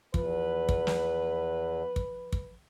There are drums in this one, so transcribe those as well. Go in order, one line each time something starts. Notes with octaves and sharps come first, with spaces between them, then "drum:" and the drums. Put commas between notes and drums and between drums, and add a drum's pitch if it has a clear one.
E2 F3 B4, drum: kick
drum: kick
drum: snare
drum: kick
drum: kick